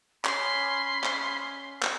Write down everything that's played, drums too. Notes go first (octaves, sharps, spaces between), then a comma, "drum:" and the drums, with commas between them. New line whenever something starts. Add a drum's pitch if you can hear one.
C#4 B5 C6, drum: clap
drum: clap
drum: clap